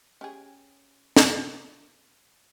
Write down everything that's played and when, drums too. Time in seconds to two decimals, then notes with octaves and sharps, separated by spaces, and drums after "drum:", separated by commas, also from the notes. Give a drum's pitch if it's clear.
0.21 C#4 G4 G#4
1.16 drum: snare